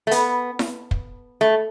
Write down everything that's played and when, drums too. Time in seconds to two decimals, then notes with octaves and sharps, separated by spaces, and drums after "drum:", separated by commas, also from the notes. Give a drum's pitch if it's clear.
0.07 A3
0.11 B3, drum: hi-hat
0.59 drum: snare E4
0.91 drum: kick
1.41 A3